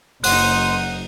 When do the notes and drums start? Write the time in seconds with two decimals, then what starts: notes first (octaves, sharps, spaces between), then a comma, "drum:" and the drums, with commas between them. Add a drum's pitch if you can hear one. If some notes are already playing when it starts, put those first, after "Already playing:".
0.24 F#1 D#4 F#5 C6 D#6 F#6, drum: open hi-hat